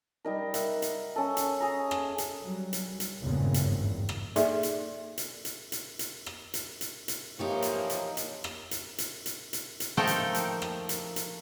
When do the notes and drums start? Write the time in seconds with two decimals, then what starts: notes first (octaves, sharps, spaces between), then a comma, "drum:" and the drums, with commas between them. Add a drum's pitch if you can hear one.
0.25 G3 D#4 A#4
0.54 E5 F#5, drum: hi-hat
0.82 drum: hi-hat
1.16 C#4 A4
1.37 drum: hi-hat
1.60 G#4 A#5
1.91 drum: rim click
2.18 drum: hi-hat
2.42 F#3 G3
2.73 drum: hi-hat
3.00 drum: hi-hat
3.22 G#1 E2 G2 A#2 C#3
3.54 drum: hi-hat
4.09 drum: rim click
4.36 A#3 D#4 G#4 A4 D5 E5, drum: hi-hat
4.63 drum: hi-hat
5.18 drum: hi-hat
5.45 drum: hi-hat
5.72 drum: hi-hat
5.99 drum: hi-hat
6.26 drum: rim click
6.54 drum: hi-hat
6.81 drum: hi-hat
7.08 drum: hi-hat
7.39 E3 F3 A#3 D#4 G4 C#5
7.62 drum: hi-hat
7.90 drum: hi-hat
8.17 drum: hi-hat
8.44 drum: rim click
8.71 drum: hi-hat
8.98 drum: hi-hat
9.26 drum: hi-hat
9.53 drum: hi-hat
9.80 drum: hi-hat
9.97 F3 A3 A#3 D#4 A4 G5
10.07 drum: hi-hat
10.34 drum: hi-hat
10.62 drum: rim click
10.89 drum: hi-hat
11.16 drum: hi-hat